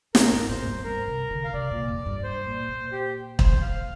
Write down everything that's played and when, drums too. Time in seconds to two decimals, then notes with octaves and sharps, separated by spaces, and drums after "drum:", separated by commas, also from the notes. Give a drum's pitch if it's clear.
0.15 A#2 A#4, drum: snare
0.32 G2
0.49 A#2 C5
0.67 G2
0.84 G2 A#4
1.07 C3
1.30 D3
1.44 F5
1.53 C3 D5
1.71 A#2
1.88 F2
2.06 G2
2.24 C5
2.46 A#2
2.69 A#2
2.92 G4
3.39 C5, drum: kick
3.62 F5